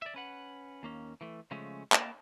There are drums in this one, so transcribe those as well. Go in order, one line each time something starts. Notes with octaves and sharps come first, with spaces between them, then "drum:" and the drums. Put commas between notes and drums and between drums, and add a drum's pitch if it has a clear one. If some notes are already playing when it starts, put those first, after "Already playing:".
D5 E5
C#4 B4 F#5
D#2 A#3 C#4
E3 A3
C#3 F3 G#3 A3 C#4
A#3 D#5 F5 G5 A5, drum: clap